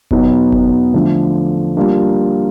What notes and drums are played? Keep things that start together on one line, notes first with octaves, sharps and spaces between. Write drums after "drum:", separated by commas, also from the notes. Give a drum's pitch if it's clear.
E2 B2 F#3 B3 D#4, drum: kick F#1
drum: kick F#1
D3 F3 A3
G3 A#3 D4 F4